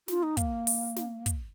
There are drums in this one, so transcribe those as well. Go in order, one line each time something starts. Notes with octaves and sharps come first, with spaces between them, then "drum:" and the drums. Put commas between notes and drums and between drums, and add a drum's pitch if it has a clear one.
F4, drum: snare
D#4
A#3, drum: kick, hi-hat
drum: open hi-hat
drum: snare
drum: kick, hi-hat